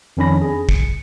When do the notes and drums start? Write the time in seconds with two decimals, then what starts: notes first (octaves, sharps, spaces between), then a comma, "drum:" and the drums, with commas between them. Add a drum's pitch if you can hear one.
0.17 F2 D#3 C#4 D4 B5 A#6
0.41 G#4
0.69 C#7, drum: kick